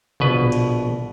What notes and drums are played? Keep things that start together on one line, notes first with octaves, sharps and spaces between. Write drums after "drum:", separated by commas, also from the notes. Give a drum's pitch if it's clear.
A#1 B2 B4, drum: tom B2
drum: cymbal